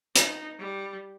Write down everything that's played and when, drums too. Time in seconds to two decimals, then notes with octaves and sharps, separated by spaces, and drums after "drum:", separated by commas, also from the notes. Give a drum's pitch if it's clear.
0.15 D#4, drum: hi-hat
0.59 G3